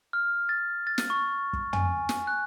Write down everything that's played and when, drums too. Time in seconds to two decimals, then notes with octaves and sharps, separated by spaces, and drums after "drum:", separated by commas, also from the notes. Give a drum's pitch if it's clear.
0.13 F6
0.49 A6
0.87 A6
0.98 drum: snare
1.10 C#6
1.53 drum: kick
1.73 G#5, drum: tom
2.09 drum: snare
2.27 F#6